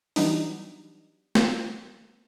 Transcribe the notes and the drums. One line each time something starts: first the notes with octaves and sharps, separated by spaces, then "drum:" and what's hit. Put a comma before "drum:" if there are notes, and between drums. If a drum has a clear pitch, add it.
E3 F#3 G3 B3 D4 D#4, drum: open hi-hat
drum: snare